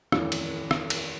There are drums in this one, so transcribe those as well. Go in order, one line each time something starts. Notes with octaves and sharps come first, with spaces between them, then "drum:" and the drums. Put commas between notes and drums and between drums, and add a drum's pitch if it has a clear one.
D#1 F2 A2 E3, drum: rim click
drum: cymbal
drum: rim click
drum: cymbal